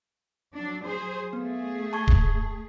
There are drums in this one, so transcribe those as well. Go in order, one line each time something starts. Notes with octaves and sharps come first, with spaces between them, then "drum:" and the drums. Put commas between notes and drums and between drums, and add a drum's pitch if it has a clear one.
F#3 D4
F#3 G#4 C5
A3 B3 G#4
A5 C#6 G#6
drum: kick D1